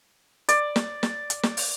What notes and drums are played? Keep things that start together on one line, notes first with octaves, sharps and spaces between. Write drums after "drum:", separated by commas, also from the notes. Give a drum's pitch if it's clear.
D5, drum: hi-hat
drum: snare
drum: snare
drum: hi-hat
drum: snare
drum: open hi-hat